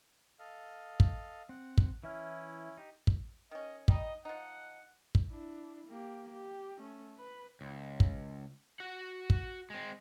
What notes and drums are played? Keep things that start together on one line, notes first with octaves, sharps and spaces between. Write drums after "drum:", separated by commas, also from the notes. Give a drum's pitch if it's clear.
A4 D#5 F5
drum: kick
C4 F#5
drum: kick
E3 C#4 E4 E5 F6
D#4 G4
drum: kick
D#3 C#4 D#5
G3 D#4 D#5, drum: kick
F3 D#4 F#5
drum: kick
D4 E4
A#3 G4
G4
A3 C#4
B4 B5
C#2
drum: kick
F#4 F#5
drum: kick
G#3 C4